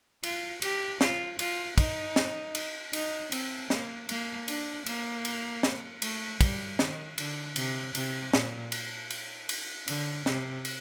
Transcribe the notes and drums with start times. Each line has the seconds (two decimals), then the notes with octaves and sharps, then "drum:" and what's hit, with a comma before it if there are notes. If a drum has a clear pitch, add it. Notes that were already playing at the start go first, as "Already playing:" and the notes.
0.23 F4, drum: cymbal
0.62 G4, drum: cymbal
1.01 F4, drum: snare
1.39 F4, drum: cymbal
1.78 D#4, drum: kick, cymbal
2.16 drum: snare
2.55 drum: cymbal
2.93 D#4, drum: cymbal
3.32 C4, drum: cymbal
3.70 A#3, drum: snare
4.09 A#3, drum: cymbal
4.48 D4, drum: cymbal
4.86 A#3, drum: cymbal
5.25 drum: cymbal
5.63 drum: snare
6.02 A3, drum: cymbal
6.41 G3, drum: kick, cymbal
6.79 D#3, drum: snare
7.18 D3, drum: cymbal
7.56 C3, drum: cymbal
7.95 C3, drum: cymbal
8.33 A#2, drum: snare
8.72 drum: cymbal
9.10 drum: cymbal
9.49 drum: cymbal
9.88 D3, drum: cymbal
10.26 C3, drum: snare
10.65 drum: cymbal